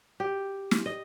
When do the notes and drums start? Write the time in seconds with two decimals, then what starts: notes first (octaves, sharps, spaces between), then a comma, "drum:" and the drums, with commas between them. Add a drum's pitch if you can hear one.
0.20 G4
0.71 drum: snare
0.86 D#5